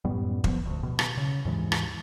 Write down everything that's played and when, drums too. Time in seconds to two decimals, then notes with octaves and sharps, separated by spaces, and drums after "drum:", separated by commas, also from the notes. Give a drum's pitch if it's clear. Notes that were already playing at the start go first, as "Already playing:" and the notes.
0.05 F#2 A2 G3 B3
0.44 F3 G3 B3, drum: kick E1
0.66 D2
0.83 B2
0.99 drum: rim click
1.17 C#3
1.45 D#2 G#2 E3 G#3
1.72 drum: rim click